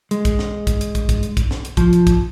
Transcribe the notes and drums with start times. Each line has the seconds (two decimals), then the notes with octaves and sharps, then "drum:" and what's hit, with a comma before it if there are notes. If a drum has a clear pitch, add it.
0.11 G#3, drum: hi-hat
0.25 drum: kick, hi-hat
0.39 drum: snare
0.67 drum: kick, hi-hat
0.81 drum: hi-hat
0.95 drum: kick, hi-hat
1.09 drum: kick, hi-hat
1.23 drum: hi-hat
1.37 drum: kick, hi-hat
1.51 drum: snare
1.65 drum: hi-hat
1.77 F3, drum: kick, hi-hat
1.93 drum: hi-hat
2.07 drum: kick, hi-hat